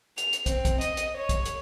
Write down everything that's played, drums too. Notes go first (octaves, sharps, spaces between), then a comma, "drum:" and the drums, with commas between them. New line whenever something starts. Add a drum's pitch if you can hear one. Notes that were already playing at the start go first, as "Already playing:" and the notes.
F7, drum: hi-hat
drum: hi-hat
C4, drum: kick, hi-hat
drum: kick, hi-hat
D#5, drum: hi-hat
drum: hi-hat
C#5
drum: kick, hi-hat
drum: hi-hat